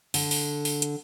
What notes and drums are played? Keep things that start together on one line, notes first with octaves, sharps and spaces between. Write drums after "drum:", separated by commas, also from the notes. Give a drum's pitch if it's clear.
D3, drum: open hi-hat
drum: open hi-hat
drum: open hi-hat
drum: hi-hat